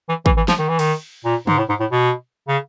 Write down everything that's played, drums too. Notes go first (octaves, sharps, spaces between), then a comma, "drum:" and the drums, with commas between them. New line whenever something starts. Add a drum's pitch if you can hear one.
E3
E3, drum: kick
E3
F3, drum: snare
D#3
E3
D#3, drum: cymbal
A#2
G#2, drum: tom
A2
G#2
A2
B2
C#3